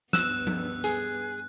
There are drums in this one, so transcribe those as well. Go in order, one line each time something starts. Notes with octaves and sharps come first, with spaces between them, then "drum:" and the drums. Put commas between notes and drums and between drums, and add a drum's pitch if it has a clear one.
G2 B3 E6 F#6, drum: snare
drum: tom F3
G#4, drum: hi-hat